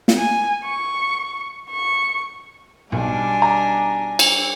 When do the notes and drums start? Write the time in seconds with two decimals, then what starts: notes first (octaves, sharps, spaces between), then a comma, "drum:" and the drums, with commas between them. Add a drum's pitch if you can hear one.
0.08 drum: snare
0.18 G#5
0.63 C#6
1.70 C#6
2.92 B1 G3 D4 G#5
3.42 A#5
4.19 drum: cymbal